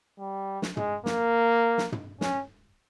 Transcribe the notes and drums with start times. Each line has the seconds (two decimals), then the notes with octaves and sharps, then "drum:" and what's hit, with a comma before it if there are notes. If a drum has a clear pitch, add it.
0.19 G3
0.62 drum: snare
0.77 G#3, drum: tom
1.06 A#3, drum: snare
1.78 drum: snare
1.92 drum: tom
2.21 C#4, drum: snare